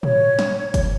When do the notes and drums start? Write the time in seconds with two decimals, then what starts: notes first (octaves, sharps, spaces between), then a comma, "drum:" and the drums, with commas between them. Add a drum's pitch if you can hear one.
0.03 C#5, drum: tom
0.39 drum: snare
0.74 drum: kick F#1, hi-hat